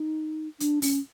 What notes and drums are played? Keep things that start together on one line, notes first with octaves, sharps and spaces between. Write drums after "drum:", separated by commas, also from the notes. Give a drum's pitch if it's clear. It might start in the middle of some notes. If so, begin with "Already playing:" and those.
Already playing: D#4
D4, drum: hi-hat
C#4, drum: open hi-hat